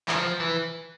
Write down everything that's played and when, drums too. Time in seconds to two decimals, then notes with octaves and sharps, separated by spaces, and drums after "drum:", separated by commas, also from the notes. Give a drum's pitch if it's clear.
0.08 E3, drum: clap
0.15 F3
0.40 E3